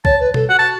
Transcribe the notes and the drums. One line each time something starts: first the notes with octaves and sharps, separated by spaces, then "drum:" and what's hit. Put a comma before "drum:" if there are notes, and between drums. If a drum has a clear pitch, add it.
C#5 A5, drum: kick B1
B4
A4, drum: tom B2
F#4 F#5
A5